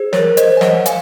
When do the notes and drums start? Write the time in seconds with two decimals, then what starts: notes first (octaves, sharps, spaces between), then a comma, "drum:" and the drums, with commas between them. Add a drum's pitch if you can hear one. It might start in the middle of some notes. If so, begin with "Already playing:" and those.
Already playing: G#4 C5
0.13 A#4 C#5, drum: snare
0.37 C5 D#5, drum: hi-hat
0.57 G#5
0.61 D#5 F#5, drum: snare
0.86 F5 G#5, drum: hi-hat